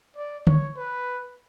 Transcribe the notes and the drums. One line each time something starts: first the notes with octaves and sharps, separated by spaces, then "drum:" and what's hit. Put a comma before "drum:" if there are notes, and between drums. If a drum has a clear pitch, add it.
D5
C#5, drum: tom D3
B4